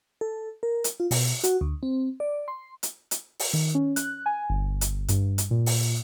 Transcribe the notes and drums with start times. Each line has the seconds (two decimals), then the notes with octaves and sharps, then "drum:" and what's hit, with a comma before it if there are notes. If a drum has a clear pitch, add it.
0.21 A4
0.63 A#4
0.84 drum: hi-hat
1.00 F4
1.11 B2, drum: open hi-hat
1.44 F#4, drum: hi-hat
1.61 D2
1.83 C4
2.20 D5
2.48 C6
2.83 drum: hi-hat
3.11 drum: hi-hat
3.39 drum: open hi-hat
3.53 D#3
3.75 C#4
3.96 F#6, drum: hi-hat
4.26 G#5
4.50 G1
4.81 drum: hi-hat
5.08 G2, drum: hi-hat
5.38 drum: hi-hat
5.51 A#2
5.66 drum: open hi-hat